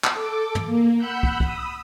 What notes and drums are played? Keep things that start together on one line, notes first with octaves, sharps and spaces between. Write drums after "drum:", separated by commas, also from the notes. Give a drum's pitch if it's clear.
drum: clap
A4 D6
drum: tom
A#3
F#5 B5 E6 F#6 G6
drum: kick
B5 D#6 E6, drum: kick